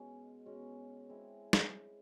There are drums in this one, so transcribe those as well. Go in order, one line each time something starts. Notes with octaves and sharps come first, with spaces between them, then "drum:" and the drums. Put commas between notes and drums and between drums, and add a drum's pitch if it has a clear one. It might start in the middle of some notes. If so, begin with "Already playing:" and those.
Already playing: B2 G#3 C#4
B2 G#3 C#4
G#3 C4 E4
drum: snare